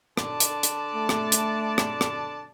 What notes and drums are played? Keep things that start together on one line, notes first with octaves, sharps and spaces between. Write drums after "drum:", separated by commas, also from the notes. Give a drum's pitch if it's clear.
D3 D5 A5, drum: rim click
drum: hi-hat
drum: hi-hat
A3
drum: rim click
drum: hi-hat
drum: rim click
drum: rim click